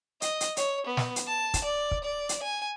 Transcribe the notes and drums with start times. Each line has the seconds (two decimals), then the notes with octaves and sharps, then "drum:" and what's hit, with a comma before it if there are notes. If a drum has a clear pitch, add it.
0.22 D#5, drum: hi-hat
0.41 drum: hi-hat
0.57 C#5, drum: hi-hat
0.87 B3
0.97 drum: snare
1.16 drum: hi-hat
1.27 A5
1.54 drum: kick, hi-hat
1.64 D5
1.91 drum: kick
2.04 D5
2.29 drum: hi-hat
2.43 G#5